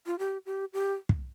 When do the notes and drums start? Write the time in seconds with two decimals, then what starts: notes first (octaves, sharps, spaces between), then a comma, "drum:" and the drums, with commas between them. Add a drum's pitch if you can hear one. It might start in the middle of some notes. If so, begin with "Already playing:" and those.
0.06 F4
0.19 G4
0.46 G4
0.73 G4
1.09 drum: kick